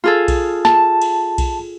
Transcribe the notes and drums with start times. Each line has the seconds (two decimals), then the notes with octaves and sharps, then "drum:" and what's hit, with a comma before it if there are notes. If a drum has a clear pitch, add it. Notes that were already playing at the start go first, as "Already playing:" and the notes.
0.04 F4 G#4 A4
0.28 drum: kick B1, cymbal
0.65 A5, drum: snare
1.02 drum: cymbal
1.38 drum: kick B1, cymbal